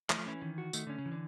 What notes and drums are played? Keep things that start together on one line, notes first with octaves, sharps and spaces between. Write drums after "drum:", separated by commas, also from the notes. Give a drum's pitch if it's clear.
E3 A3, drum: clap
F3
E3 C#4
D#3 E3
F#4
D#3 A3, drum: tambourine
D3 C#4
C#3
E3
D3